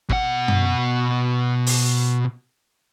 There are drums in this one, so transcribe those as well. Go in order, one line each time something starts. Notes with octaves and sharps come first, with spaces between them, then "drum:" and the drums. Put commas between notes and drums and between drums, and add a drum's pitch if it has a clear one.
B2 F#5, drum: kick
drum: tom F#2
drum: open hi-hat